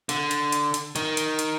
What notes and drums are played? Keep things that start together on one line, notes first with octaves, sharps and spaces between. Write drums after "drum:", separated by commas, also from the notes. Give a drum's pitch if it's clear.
D3, drum: hi-hat
drum: hi-hat
drum: hi-hat
drum: hi-hat
D#3, drum: hi-hat
drum: hi-hat
drum: hi-hat